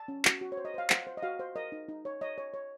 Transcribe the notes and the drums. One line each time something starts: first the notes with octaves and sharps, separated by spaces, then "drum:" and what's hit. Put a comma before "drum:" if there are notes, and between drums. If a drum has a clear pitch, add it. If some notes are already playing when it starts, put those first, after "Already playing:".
Already playing: A5
C#4
F#4, drum: clap
F#4
C#5
C5
D#5
C5 F5
C5 F#5, drum: clap
C5
D#5
F#4 F5
C5
A#4 D#5
D#4
D#4
C#5
C#5 D#5
C#5
C#5